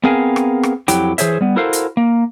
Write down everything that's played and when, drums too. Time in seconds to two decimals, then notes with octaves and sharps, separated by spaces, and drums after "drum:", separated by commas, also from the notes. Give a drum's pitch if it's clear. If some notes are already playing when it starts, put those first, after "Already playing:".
0.04 B3 C4 G#4 A#4 F5 G#5
0.36 drum: rim click
0.63 drum: rim click
0.88 F2 F#3 E4 G4 G5, drum: hi-hat
1.18 E3 G#4 C5 C#5 E5, drum: hi-hat
1.41 G3 B3
1.56 E4 F#4 A4 A#4 C5 F5
1.73 drum: hi-hat
1.97 A#3